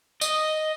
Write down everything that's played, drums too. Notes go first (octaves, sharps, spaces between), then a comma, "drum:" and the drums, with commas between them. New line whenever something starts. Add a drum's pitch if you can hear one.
D#5, drum: tambourine